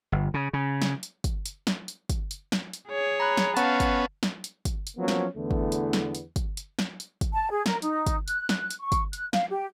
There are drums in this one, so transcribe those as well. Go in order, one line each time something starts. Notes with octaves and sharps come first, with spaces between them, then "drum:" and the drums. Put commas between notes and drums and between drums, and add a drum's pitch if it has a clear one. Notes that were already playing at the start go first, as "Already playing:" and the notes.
G1
C#3
C#3
drum: snare
drum: hi-hat
drum: kick, hi-hat
drum: hi-hat
drum: snare
drum: hi-hat
drum: kick, hi-hat
drum: hi-hat
drum: snare
drum: hi-hat
G#4 C#5
A#5 B5 F#6
drum: snare
B3 C#4 F5 F#5 A5, drum: hi-hat
drum: kick, hi-hat
drum: snare
drum: hi-hat
drum: kick, hi-hat
drum: hi-hat
F3 F#3 A#3 B3 C#4
drum: snare
E2 D3 E3 A3 B3
drum: kick
drum: hi-hat
drum: snare
drum: hi-hat
drum: kick, hi-hat
drum: hi-hat
drum: snare
drum: hi-hat
drum: kick, hi-hat
A5
G#4
A#4, drum: snare
D#4, drum: hi-hat
drum: kick, hi-hat
F#6, drum: hi-hat
drum: snare
drum: hi-hat
C#6
drum: kick, hi-hat
F#6, drum: hi-hat
F5, drum: snare
G4